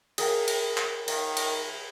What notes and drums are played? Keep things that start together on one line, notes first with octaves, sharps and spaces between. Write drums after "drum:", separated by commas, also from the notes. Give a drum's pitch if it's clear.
G#4 A#4 G5, drum: cymbal
drum: cymbal
drum: clap
D#3, drum: cymbal
drum: cymbal